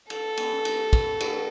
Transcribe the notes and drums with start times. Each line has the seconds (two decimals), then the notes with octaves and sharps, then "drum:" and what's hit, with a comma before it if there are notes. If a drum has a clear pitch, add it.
0.10 A4, drum: cymbal
0.37 drum: cymbal
0.65 drum: cymbal
0.93 drum: kick, cymbal
1.20 drum: cymbal